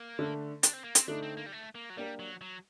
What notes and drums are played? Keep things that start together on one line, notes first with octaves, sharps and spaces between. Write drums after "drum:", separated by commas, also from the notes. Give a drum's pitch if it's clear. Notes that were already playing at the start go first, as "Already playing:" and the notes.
Already playing: A#3
D3 A3 D4
D4, drum: hi-hat
C4
A#3
C4, drum: hi-hat
D3 A3 D4 D#4
C4
A#3
G3
A3
A#3
F#3
G3 A#3 D4 G4 A#4
F#3
F#3